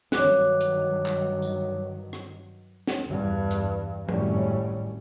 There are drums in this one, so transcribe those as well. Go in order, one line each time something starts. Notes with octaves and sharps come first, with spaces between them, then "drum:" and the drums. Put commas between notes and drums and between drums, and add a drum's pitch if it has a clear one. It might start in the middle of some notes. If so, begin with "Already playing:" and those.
G2 D#3 F#3 C#5 D6 F#6, drum: snare
drum: hi-hat
drum: clap
drum: tambourine
drum: rim click
drum: snare
E2 G2
drum: hi-hat
G#1 F#2 A2 G3 C#4, drum: tom F3